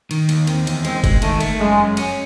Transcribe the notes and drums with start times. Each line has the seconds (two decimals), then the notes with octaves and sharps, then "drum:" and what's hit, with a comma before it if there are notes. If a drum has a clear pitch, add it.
0.11 D#3, drum: cymbal
0.29 D#2, drum: cymbal
0.47 D#3 C4, drum: cymbal
0.67 E2, drum: cymbal
0.85 G#3 C4, drum: cymbal
1.04 G#3, drum: kick G1, cymbal
1.22 D#3 A3, drum: cymbal
1.41 A3, drum: cymbal
1.59 F#2 G#3
1.78 F#2
1.97 C#4, drum: cymbal